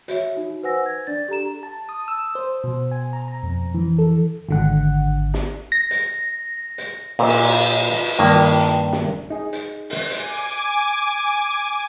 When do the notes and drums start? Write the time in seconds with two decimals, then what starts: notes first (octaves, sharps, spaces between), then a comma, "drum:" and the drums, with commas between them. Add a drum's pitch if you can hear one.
0.08 F#4 C#5 E5, drum: hi-hat
0.37 D#4 F#4
0.63 B4 C5 F#5 G#5 E6 A#6
0.86 G#6
1.07 D4 D5 A6
1.28 G4 A4 A#5 E7
1.63 A5
1.89 D#6
2.08 E6
2.35 C5
2.64 B2
2.91 G#5
3.13 A#5
3.28 A#5
3.43 F2
3.74 E3
3.98 A4
4.49 G#1 D3 F#5
5.34 drum: snare
5.72 A#6
5.91 drum: hi-hat
6.78 drum: hi-hat
7.19 A#2, drum: cymbal
8.19 G2 D#3 A#3
8.59 drum: hi-hat
8.93 drum: snare
9.30 D#4 G#4
9.53 drum: hi-hat
9.90 drum: open hi-hat
10.11 G#5 D6, drum: hi-hat